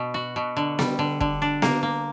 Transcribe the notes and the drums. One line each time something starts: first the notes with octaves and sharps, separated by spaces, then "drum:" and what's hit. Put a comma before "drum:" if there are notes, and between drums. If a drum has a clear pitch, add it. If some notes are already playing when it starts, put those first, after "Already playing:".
Already playing: B2
F#4
B2
D3
G3, drum: snare B3
D3
D3, drum: kick
D4
A#3, drum: snare B3
A#3